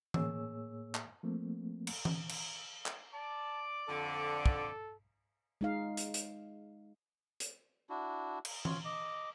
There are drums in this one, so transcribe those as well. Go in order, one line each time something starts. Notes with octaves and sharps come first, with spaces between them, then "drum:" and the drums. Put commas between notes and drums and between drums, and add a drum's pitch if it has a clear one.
A2 A#3 G#4 C#5 E6, drum: tom E3
drum: clap
F3 A3 A#3 C4
drum: cymbal
drum: tom E3
drum: cymbal
drum: clap
D5 A5 D6
F2 D3 A4
drum: kick
G#3 D#4 F5
drum: hi-hat
drum: hi-hat
drum: hi-hat
D4 E4 F#4
drum: cymbal
F4 C#5, drum: tom E3
D#5 D6